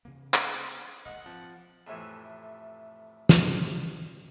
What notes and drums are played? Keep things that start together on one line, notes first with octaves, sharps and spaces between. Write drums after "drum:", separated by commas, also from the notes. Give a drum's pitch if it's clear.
C3 E3 A#3
B3 C4, drum: clap
D#1 A#1 G#3 D#5 F#5
F3 C4
F2 A2 C3 E3
drum: snare